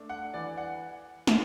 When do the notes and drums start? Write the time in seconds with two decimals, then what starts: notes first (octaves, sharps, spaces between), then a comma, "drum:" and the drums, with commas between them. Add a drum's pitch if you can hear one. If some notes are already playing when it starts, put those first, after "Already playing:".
Already playing: A3 D4
0.09 F#5
0.34 E3 D5
0.58 F#5
1.27 drum: snare